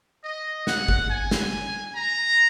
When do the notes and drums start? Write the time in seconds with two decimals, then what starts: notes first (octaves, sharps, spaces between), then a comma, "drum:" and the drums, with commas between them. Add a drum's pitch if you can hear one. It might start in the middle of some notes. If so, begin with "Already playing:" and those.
0.24 D#5
0.67 F#5, drum: snare
0.88 drum: kick G1
1.10 G#5
1.31 drum: snare
1.96 A#5